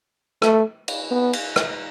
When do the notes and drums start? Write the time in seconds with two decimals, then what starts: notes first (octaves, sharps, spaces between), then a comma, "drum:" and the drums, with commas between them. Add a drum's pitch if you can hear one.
0.42 A3, drum: rim click
0.88 drum: cymbal
1.11 B3
1.33 drum: cymbal
1.56 drum: rim click